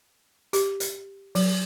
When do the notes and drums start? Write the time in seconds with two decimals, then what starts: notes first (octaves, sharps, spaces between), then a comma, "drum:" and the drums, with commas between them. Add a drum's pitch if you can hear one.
0.53 G4, drum: hi-hat
0.80 drum: hi-hat
1.35 F#3, drum: open hi-hat